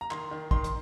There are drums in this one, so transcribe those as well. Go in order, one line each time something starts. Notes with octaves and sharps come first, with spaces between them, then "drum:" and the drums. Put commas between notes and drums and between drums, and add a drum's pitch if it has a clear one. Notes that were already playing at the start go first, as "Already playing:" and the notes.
A#5
D#3 C6, drum: clap
D#3
D#3 C6, drum: kick
drum: hi-hat